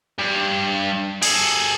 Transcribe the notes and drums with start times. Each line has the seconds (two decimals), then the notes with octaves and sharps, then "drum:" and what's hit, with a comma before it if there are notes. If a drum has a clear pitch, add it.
0.19 G2
1.23 G#4 A4, drum: cymbal